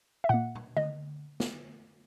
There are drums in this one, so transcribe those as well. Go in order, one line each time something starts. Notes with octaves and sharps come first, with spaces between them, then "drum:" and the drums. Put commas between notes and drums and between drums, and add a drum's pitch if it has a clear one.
E5
A#2 A#3 F#5
drum: tom
D#5, drum: tom D3
drum: snare